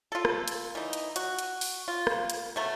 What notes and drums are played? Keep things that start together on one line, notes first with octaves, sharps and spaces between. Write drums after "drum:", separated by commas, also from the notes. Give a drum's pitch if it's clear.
F4 A4
drum: rim click
drum: hi-hat
E3 D#4
drum: hi-hat
F#4, drum: hi-hat
drum: hi-hat
drum: open hi-hat
F4
drum: rim click
drum: hi-hat
B2 A3 A#5